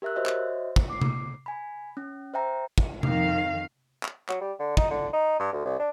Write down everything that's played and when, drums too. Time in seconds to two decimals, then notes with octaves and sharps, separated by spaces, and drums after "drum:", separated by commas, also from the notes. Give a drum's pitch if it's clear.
0.02 G4 A#4 E5 E6 F#6
0.16 F#4 C5 C#5 D#5 E5
0.26 drum: clap
0.76 drum: kick
0.90 D6 C7
1.01 drum: tom C3
1.46 G#5 B5
1.97 C#4
2.34 C5 E5 G5 A#5
2.78 drum: kick
3.03 F2 D#3 F5, drum: tom C3
4.03 drum: clap
4.29 F#3, drum: clap
4.41 G3
4.59 D3
4.77 D#4, drum: kick
4.91 D3
5.13 D#4
5.40 G2
5.53 D2
5.65 C2
5.79 D4